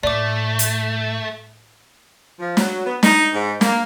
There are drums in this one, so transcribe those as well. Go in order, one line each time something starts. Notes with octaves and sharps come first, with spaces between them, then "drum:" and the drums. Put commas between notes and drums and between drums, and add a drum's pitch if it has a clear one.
A2 A3 D5 D6
drum: hi-hat
F3
F#3, drum: snare
B3
D#4, drum: snare
G#2
A#3, drum: snare